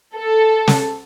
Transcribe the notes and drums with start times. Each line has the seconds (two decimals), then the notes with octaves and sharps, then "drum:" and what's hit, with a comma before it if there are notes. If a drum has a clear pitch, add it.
0.14 A4
0.68 drum: snare